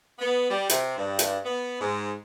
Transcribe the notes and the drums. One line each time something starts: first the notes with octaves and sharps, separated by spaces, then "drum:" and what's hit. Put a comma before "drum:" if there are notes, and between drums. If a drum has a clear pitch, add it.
B3
G3
C3, drum: hi-hat
G2
drum: hi-hat
B3
G#2